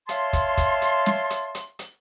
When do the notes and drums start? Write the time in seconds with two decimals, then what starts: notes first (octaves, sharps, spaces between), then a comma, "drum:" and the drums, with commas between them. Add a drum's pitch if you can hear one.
0.09 C#5 E5 F5 A5 C6, drum: hi-hat
0.33 drum: kick, hi-hat
0.58 drum: kick, hi-hat
0.82 drum: hi-hat
1.06 drum: snare
1.30 drum: hi-hat
1.55 drum: hi-hat
1.79 drum: hi-hat